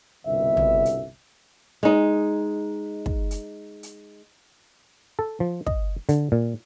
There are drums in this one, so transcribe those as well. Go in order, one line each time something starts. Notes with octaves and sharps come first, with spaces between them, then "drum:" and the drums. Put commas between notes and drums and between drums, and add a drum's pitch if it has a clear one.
G1 C2 B2 D3 E5
drum: tom
drum: hi-hat
G#3 D#4
drum: kick
drum: hi-hat
drum: hi-hat
A4
F3
D#5, drum: kick
D3, drum: hi-hat
A#2